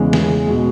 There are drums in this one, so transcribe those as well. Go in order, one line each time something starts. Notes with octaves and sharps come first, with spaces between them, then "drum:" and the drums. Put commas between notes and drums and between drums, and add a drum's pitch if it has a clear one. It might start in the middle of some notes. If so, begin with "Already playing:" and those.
Already playing: E2 C#3 E3 G#3
G#4, drum: snare
B2 G#3